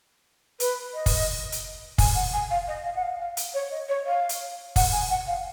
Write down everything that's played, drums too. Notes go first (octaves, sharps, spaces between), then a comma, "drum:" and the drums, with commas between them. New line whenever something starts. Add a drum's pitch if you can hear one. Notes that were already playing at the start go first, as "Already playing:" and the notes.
B4, drum: hi-hat
D#5
drum: kick, open hi-hat
drum: hi-hat
G#5, drum: kick, open hi-hat
F#5
G#5
F5
D#5
F5
F#5
F5
F5
drum: hi-hat
C#5
D#5
C#5
F5
drum: hi-hat
F#5, drum: kick, open hi-hat
G#5
F#5
F5